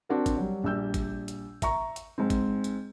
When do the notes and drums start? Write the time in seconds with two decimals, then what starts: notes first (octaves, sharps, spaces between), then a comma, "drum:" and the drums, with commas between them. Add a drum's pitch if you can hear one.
0.09 C4 D4 F#4 A#4
0.26 drum: kick G#1, hi-hat
0.37 F#3 G3
0.64 A#1 G3 E6 G6
0.94 drum: kick G#1, hi-hat
1.28 drum: hi-hat
1.62 E5 A#5 C#6, drum: kick G#1, hi-hat
1.96 drum: hi-hat
2.18 G#2 G#3 C4
2.30 drum: kick G#1, hi-hat
2.64 drum: hi-hat